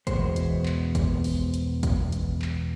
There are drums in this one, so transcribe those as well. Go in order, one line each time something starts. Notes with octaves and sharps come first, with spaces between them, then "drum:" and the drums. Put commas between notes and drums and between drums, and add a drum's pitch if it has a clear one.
E2 B2 D#3 G#3 B3 C5, drum: kick, hi-hat
drum: hi-hat
drum: clap
drum: kick, hi-hat
drum: open hi-hat
drum: hi-hat
drum: kick, hi-hat
drum: hi-hat
drum: clap